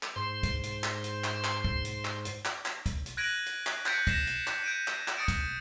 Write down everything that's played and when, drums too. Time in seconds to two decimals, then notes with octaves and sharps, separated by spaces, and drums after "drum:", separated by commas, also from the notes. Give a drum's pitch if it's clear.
0.03 drum: clap
0.16 G#2 C5 C6
0.43 drum: kick, hi-hat
0.63 drum: hi-hat
0.84 drum: clap
1.04 drum: hi-hat
1.24 drum: clap
1.44 drum: clap
1.65 drum: kick
1.85 drum: hi-hat
2.05 drum: clap
2.25 drum: hi-hat
2.45 drum: clap
2.66 drum: clap
2.86 drum: kick, hi-hat
3.06 drum: hi-hat
3.17 F#6 G#6 A#6 D7 D#7 F#7
3.46 drum: hi-hat
3.67 drum: clap
3.86 F#6 G6 A6 B6 C#7 D7, drum: clap
4.07 A#6 C7 E7, drum: kick, hi-hat
4.27 drum: hi-hat
4.47 drum: clap
4.64 G6 D7 D#7
4.88 drum: clap
5.08 drum: clap
5.17 D#6 A6 C#7 D7
5.28 drum: kick, hi-hat